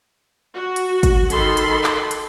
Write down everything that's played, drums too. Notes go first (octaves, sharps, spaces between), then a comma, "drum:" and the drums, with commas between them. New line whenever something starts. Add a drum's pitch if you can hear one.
F#4
drum: hi-hat
drum: kick, hi-hat
D#3 A4 B5 C6, drum: hi-hat
drum: hi-hat
drum: clap
drum: hi-hat